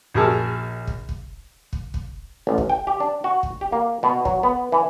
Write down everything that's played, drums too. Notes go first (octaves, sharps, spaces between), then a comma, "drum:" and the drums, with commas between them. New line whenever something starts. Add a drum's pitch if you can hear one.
A#1 F#4 G#4 A#4 A5 E6
drum: kick
drum: kick
drum: kick
drum: kick
A1
drum: kick
G5
G4
D4
F#4
drum: kick
G4
A#3
B2
F#3, drum: kick
B3
E3